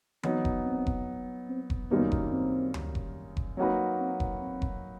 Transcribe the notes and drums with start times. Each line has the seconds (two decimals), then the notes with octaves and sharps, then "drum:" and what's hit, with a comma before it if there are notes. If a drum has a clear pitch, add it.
0.23 F#3 B3 C4 D#4, drum: tom E3
0.45 drum: kick F1
0.66 C4
0.87 drum: kick F1
1.49 C4
1.70 drum: kick F1
1.91 F#2 D#3 G3 A#3 B3 D#4
2.12 drum: kick F1
2.32 C4
2.74 drum: tom D2
2.95 drum: kick F1
3.37 drum: kick F1
3.57 F#3 A#3 C4 D#4 F#4 B4
4.00 C4
4.20 drum: kick F1
4.40 C4
4.62 drum: kick F1